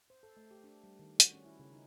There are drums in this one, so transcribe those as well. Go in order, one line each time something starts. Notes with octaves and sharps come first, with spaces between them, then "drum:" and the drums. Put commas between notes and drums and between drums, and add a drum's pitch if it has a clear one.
C5
A4
A3
G4
D4
G3
D#3
F#4, drum: hi-hat
C#4
E4
C#3
D#4